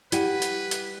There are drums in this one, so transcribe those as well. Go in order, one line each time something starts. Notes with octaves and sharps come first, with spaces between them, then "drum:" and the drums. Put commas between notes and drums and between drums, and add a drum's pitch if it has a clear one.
G3 E4 G4 B4 F#5 D#7, drum: hi-hat
drum: hi-hat
drum: hi-hat